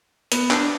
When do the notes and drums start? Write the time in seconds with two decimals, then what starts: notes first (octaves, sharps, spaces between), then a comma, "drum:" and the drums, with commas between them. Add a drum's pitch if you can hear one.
0.32 B3, drum: hi-hat
0.51 D4, drum: clap